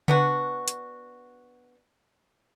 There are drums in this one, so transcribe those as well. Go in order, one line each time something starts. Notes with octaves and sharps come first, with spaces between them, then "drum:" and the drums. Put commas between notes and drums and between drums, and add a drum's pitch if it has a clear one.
B3 D4 F#4, drum: tom C#3
drum: hi-hat